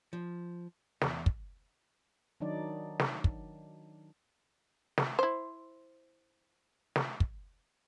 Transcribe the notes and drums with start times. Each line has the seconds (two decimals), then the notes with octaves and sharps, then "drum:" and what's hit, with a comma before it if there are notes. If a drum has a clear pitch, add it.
0.13 F3
1.01 E2, drum: snare
1.26 drum: kick
2.40 D#3 F#3 D4 D#4 D5
2.99 drum: snare
3.24 drum: kick
4.98 drum: snare
5.19 E4 C5
6.96 drum: snare
7.20 drum: kick